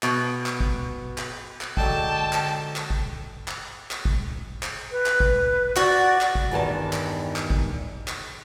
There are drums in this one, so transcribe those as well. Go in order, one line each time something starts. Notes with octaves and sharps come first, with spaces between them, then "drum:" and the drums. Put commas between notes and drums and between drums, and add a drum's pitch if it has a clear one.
B2, drum: clap
drum: clap
drum: kick
drum: clap
drum: clap
G#2 D3 F#3 G5 A5, drum: kick
drum: clap
drum: clap
drum: kick
drum: clap
drum: clap
drum: kick
drum: clap
B4
drum: clap
drum: kick
F#4 D5, drum: clap
drum: clap
drum: kick
E2 G2 D#3 A5
drum: clap
drum: clap
drum: kick
drum: clap